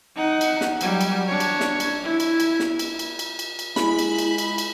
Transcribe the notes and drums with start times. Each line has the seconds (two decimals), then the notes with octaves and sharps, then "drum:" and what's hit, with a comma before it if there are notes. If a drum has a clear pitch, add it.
0.16 D#4 F#5
0.41 drum: cymbal
0.61 drum: snare
0.81 F#3 G3, drum: cymbal
1.01 drum: cymbal
1.28 D4 C#5
1.40 drum: cymbal
1.60 drum: snare
1.80 drum: cymbal
2.04 E4
2.20 drum: cymbal
2.40 drum: cymbal
2.60 drum: snare
2.79 drum: cymbal
2.99 drum: cymbal
3.19 drum: cymbal
3.39 drum: cymbal
3.59 drum: cymbal
3.76 G#3 E4 B5, drum: snare
3.99 drum: cymbal
4.18 drum: cymbal
4.38 drum: cymbal
4.58 drum: cymbal